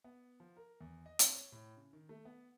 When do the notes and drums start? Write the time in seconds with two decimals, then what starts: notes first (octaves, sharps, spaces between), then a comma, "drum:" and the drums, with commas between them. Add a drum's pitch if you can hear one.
0.04 B3
0.40 F3
0.57 A#4
0.81 E2
1.06 D#5
1.19 C4, drum: hi-hat
1.35 C#5
1.52 A2
1.77 C#3
1.93 D#3
2.09 A3
2.25 B3